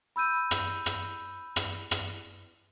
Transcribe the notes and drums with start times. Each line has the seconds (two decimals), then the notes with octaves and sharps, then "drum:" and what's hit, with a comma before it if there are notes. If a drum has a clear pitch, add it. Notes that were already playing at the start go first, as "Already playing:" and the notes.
0.16 B5 E6 G6 D#7
0.51 drum: rim click
0.86 drum: rim click
1.56 drum: rim click
1.91 drum: rim click